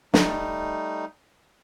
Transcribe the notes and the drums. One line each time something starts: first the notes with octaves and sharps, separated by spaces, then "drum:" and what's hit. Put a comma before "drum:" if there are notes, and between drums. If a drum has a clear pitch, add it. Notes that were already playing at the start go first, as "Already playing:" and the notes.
G3 A3 D#4, drum: snare